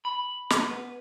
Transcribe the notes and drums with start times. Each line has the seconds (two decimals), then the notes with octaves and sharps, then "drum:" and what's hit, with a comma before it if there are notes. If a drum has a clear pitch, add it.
0.05 B5
0.50 drum: snare
0.69 B3